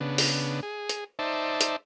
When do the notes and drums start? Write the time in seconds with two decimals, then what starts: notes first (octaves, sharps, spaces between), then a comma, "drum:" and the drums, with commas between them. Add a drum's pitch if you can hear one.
0.01 C#3 B3 D4
0.18 drum: open hi-hat
0.63 G#4
0.89 drum: hi-hat
1.19 D#4 C5 D5 E5 A5
1.61 drum: hi-hat